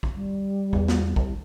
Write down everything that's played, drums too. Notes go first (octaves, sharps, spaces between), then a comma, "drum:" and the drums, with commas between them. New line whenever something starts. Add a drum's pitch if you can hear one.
drum: kick A#1
G3
E2, drum: kick A#1
drum: snare B3
C2, drum: kick A#1